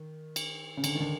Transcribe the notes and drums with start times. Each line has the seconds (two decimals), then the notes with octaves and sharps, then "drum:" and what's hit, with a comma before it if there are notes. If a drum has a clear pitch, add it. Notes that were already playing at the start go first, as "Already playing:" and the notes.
Already playing: D#3
0.36 drum: cymbal
0.77 C#3
0.84 D3, drum: cymbal
0.95 D#3
1.00 D3